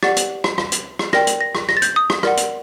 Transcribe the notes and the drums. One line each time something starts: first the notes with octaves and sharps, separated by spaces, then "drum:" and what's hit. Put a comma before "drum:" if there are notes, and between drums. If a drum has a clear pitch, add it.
G4 D5 F#5 A6, drum: rim click
drum: hi-hat
drum: rim click
drum: rim click
drum: hi-hat
drum: rim click
A#4 D5 G5 A#6, drum: rim click
drum: hi-hat
A#6
drum: rim click
A#6, drum: rim click
A6
G6, drum: hi-hat
D#6
drum: rim click
A#4 D5 F#5, drum: rim click
drum: hi-hat